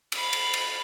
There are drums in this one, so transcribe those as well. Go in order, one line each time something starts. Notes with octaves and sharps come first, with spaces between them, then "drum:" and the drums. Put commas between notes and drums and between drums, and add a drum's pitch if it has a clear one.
F5 B5, drum: cymbal
drum: cymbal
drum: cymbal